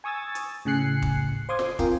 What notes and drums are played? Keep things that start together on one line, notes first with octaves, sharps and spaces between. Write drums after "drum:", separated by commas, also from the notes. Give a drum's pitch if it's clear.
G#5 C#6 D#6 E6 G#6 A6
drum: hi-hat
A2 C#3 G#5 F#6 C7 C#7
drum: kick
C5 F5 C6 D6 D#6 G#6
drum: snare
C4 F4 A#4 G5 G#5, drum: kick